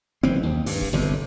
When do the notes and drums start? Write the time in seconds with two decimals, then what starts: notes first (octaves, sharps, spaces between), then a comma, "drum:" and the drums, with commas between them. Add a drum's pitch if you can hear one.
0.23 F#1 E3 C4
0.43 D#2
0.66 G2, drum: open hi-hat
0.81 drum: kick
0.93 G1 F2 C3